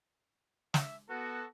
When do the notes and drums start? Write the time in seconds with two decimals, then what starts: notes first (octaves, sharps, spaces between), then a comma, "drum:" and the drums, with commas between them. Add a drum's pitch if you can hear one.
0.74 E5, drum: snare
1.09 B3 F#4 A4